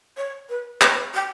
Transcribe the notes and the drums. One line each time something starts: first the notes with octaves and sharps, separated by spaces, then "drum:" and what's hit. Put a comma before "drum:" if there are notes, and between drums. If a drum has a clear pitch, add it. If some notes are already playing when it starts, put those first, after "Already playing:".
C#5
B4
B4, drum: clap
G4